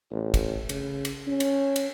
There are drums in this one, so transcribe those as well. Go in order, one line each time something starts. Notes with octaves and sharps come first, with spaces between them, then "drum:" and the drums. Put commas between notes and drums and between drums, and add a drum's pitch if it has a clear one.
A1
drum: kick, cymbal
C#3, drum: cymbal
drum: cymbal
C#4
drum: cymbal
drum: cymbal